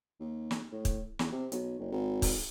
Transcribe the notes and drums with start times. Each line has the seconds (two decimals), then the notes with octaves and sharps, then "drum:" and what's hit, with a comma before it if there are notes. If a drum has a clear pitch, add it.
0.20 D#2
0.51 drum: snare
0.72 A2
0.85 drum: kick, hi-hat
1.19 E2, drum: snare
1.32 C3
1.52 B1, drum: hi-hat
1.79 F#1
1.92 G#1
2.22 drum: kick, open hi-hat